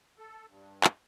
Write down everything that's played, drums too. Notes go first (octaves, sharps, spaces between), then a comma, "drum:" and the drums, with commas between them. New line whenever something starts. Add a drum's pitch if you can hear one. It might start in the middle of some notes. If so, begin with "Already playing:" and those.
A4
G2
drum: clap